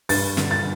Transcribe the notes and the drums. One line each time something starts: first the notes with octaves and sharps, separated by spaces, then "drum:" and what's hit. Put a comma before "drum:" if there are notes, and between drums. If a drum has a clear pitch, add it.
G2 A6, drum: open hi-hat
D3, drum: snare
A6